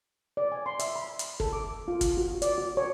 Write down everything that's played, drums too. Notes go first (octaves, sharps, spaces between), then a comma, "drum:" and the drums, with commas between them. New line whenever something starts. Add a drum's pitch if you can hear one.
D5
G#5
C6
E5, drum: hi-hat
B5
drum: hi-hat
A4, drum: kick
D6
F4
drum: kick, hi-hat
F#4
D5, drum: hi-hat
F#4
C#5